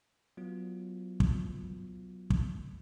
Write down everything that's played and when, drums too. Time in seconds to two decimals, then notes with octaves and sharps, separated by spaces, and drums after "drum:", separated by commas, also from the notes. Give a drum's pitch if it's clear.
0.37 F#3 B3 F4
1.20 drum: kick
2.30 drum: kick